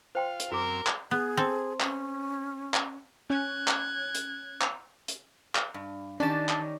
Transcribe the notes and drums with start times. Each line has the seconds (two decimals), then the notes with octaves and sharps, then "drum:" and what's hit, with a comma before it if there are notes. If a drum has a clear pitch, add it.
0.15 F4 C5 F5 G5 C6
0.40 drum: hi-hat
0.52 F#2 C4 F#4 A#4 D6 E6
0.87 drum: clap
1.11 B3 G#4
1.37 C4 A4
1.80 C#4, drum: clap
2.74 drum: clap
3.30 C#4 F#6 G#6
3.68 drum: clap
4.15 drum: hi-hat
4.61 drum: clap
5.08 drum: hi-hat
5.55 drum: clap
5.74 G2
6.20 D#3 C#4 D4 G4 D5 A5
6.49 drum: clap